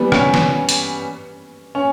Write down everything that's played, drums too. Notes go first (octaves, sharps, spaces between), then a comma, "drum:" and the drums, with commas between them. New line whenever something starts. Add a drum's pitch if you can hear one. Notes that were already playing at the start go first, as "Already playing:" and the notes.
Already playing: E3 G3 B3
C#4, drum: rim click
drum: snare
drum: hi-hat
C#4